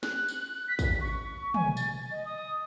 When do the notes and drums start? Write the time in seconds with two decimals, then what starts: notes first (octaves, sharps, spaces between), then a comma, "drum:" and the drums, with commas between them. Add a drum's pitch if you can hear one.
0.03 F#6, drum: snare
0.28 drum: tambourine
0.68 B6
0.79 drum: kick, tambourine
1.01 C#6
1.54 G#5, drum: tom
1.77 A6, drum: tambourine
2.11 D#5
2.25 D#6